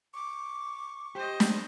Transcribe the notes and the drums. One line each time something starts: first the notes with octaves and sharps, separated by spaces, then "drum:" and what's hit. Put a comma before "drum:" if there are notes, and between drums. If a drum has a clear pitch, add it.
C#6 D6
G4 C5 D#5
drum: snare